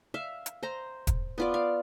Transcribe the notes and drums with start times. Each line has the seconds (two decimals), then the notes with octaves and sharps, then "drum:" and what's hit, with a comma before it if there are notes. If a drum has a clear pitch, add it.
0.14 E5 F5
0.46 drum: hi-hat
0.63 C5 A#5
1.07 drum: kick, hi-hat
1.38 B3 F4 D5
1.54 F5